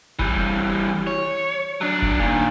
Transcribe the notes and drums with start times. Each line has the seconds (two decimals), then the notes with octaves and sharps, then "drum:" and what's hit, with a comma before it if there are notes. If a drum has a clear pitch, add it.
0.19 E3 G3, drum: kick F1
1.07 C#5
1.81 F#3 D4
2.02 drum: kick F1
2.19 A#2 D#3